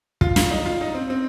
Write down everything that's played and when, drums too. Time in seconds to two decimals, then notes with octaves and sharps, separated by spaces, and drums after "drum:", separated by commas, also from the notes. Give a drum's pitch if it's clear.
0.21 F4, drum: kick
0.36 F4, drum: snare
0.51 D#4
0.66 F4
0.81 D#4
0.95 C4
1.10 C4